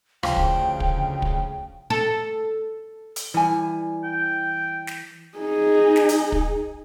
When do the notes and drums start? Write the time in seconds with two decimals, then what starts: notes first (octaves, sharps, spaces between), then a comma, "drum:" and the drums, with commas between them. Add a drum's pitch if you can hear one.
0.23 D2 C#3 F3 G5, drum: rim click
0.36 drum: kick
0.80 drum: kick
1.22 drum: kick
1.90 A4
3.16 drum: hi-hat
3.34 E3 G3 G#5
4.04 G5
4.87 drum: snare
5.38 D#4 G#4
5.96 drum: snare
6.09 drum: hi-hat
6.32 drum: kick